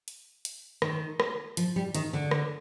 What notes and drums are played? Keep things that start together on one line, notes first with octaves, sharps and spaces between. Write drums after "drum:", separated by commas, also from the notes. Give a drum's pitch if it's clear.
drum: hi-hat
drum: hi-hat
D#3, drum: rim click
drum: rim click
F3, drum: hi-hat
G3
D#3, drum: hi-hat
D3
drum: rim click